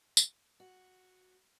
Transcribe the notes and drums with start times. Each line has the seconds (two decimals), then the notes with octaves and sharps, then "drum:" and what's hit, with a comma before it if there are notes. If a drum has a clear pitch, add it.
0.17 drum: tambourine
0.60 F#4